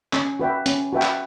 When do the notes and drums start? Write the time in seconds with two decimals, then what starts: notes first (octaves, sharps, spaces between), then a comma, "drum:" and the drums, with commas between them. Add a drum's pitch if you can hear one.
0.13 C#4, drum: clap
0.40 F#4 B4 E5 G5
0.66 C#4, drum: hi-hat
0.93 F#4 B4 E5 G5
1.02 drum: clap